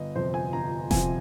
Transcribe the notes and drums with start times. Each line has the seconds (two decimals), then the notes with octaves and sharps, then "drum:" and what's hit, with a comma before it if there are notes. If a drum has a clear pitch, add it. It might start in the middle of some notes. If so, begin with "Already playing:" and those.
Already playing: G1 D#5
0.15 F2 C3 F3 C5
0.34 G#5
0.53 G1 A#5
0.91 F2 C3 F3 G#5, drum: snare E1